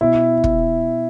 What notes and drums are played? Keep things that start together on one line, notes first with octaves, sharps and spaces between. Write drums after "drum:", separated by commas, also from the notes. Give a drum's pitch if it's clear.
B2 E4
drum: kick